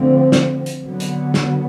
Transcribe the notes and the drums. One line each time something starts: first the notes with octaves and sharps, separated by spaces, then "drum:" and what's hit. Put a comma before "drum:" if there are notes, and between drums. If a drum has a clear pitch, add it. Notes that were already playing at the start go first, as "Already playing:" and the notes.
Already playing: D3 F3 A3 C4
drum: snare
drum: hi-hat
D3 F#3 B3
drum: hi-hat
drum: snare